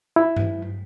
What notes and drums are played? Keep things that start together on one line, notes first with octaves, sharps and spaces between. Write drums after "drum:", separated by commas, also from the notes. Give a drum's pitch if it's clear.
E4
drum: tom G2